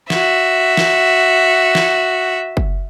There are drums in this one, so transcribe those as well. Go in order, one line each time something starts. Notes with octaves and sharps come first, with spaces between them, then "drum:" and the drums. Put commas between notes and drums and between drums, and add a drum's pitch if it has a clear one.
F#4 E5, drum: snare
drum: snare
drum: snare
drum: kick F#1